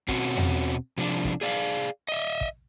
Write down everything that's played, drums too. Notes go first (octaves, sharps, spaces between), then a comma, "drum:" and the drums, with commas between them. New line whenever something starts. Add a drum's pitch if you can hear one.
B2 C4 C#4 F#4, drum: kick
drum: hi-hat
drum: tom E2
C3 F3 D4
drum: kick
G#4 D5 E5 F5, drum: hi-hat
D#5 E5
drum: kick